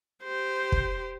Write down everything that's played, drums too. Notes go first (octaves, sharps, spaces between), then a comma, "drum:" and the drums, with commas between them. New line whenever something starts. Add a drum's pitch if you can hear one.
G4 C5
drum: kick